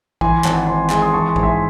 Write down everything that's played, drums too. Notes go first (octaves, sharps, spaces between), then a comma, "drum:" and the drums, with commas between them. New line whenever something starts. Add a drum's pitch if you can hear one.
E3 G#5 C6, drum: kick A#1
G#1 F#5 A5, drum: clap
G#1 G#5 C6
G#3 G#5 C6, drum: clap
C6 D#6
E3 A5 C#6
G#5 C6
G#2, drum: kick A#1
E5 G#5